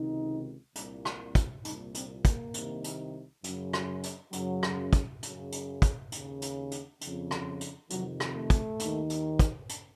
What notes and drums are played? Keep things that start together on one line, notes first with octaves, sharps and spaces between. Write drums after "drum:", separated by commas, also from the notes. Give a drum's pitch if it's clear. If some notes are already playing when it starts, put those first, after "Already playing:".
Already playing: C#2 C3 D#3 D#4
C2 A#2, drum: hi-hat
drum: rim click
drum: kick, hi-hat
C2 A#2 D#4, drum: hi-hat
C4, drum: hi-hat
A#3, drum: kick, hi-hat
C2 C3 D#3, drum: hi-hat
drum: hi-hat
F#2 C#3, drum: hi-hat
drum: rim click
drum: hi-hat
F#2 C#3 F#3, drum: hi-hat
drum: rim click
drum: kick, hi-hat
F#2 C#3, drum: hi-hat
drum: hi-hat
drum: kick, hi-hat
D#2 C#3, drum: hi-hat
drum: hi-hat
drum: hi-hat
F2 C#3, drum: hi-hat
drum: rim click
drum: hi-hat
F2 C3 D#3 F#3, drum: hi-hat
drum: rim click
A3
drum: kick, hi-hat
D#2 D#3, drum: hi-hat
drum: hi-hat
drum: kick, hi-hat
drum: hi-hat